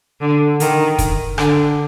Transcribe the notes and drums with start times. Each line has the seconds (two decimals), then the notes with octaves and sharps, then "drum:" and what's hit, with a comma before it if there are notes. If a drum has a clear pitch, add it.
0.21 D3
0.60 D#3, drum: hi-hat
0.98 drum: kick, hi-hat
1.38 D3, drum: rim click